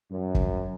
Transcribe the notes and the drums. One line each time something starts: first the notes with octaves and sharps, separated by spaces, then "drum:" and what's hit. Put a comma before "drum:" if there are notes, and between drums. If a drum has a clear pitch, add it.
F#2
drum: kick